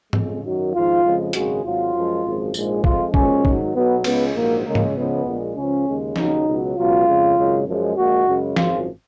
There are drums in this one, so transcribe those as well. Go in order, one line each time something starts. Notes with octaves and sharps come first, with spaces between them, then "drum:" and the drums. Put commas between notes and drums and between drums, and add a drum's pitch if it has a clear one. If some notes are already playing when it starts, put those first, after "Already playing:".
F2 C#3 G#3, drum: tom
F#2 D#3 F#3
G#1 G#2 F3 F4
F2 C#3 F3 G#3
G#1 F#2 C#3 G#3 F#4, drum: hi-hat
G#1 G#2 F#3 F4
F#2 F3 G#3
G#1 F#2 F3 G#3
A#1 G#2 F3 G#3, drum: tambourine
F2 F3 G#3 F4, drum: kick
B1 A#2 F3 G#3 C#4, drum: kick
G#1 G#2 D#3 F#3, drum: kick
B1 B2 F#3 B3
C#2 C#3 G#3 B3, drum: cymbal
A#1 G#2 F#3 A#3
C#2 C#3 G#3 A#3
drum: tom
C#2 C#3 F3 G#3 B3
A#1 A#2 G#3
C#2 C#3 F3 C#4
D#2 C#3 G#3
D#2 C#3 F#3 D#4, drum: snare F3
C#2 B2 F#3
C#2 B2 F#3 F4
F2 C#3 G#3
G#1 F#2 C#3 G#3
F#2 F3 G#3
A#1 A#2 G#3 F#4
F#2 C#3 G#3
G#1 F#2 F3 G#3 F4, drum: snare F3